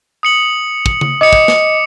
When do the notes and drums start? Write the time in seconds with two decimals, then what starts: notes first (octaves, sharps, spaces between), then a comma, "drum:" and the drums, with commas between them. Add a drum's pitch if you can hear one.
0.23 D#6 C#7 F#7
0.86 drum: kick
1.01 drum: tom C#3
1.21 D#5 D6 D#6 C#7
1.33 drum: kick
1.48 drum: snare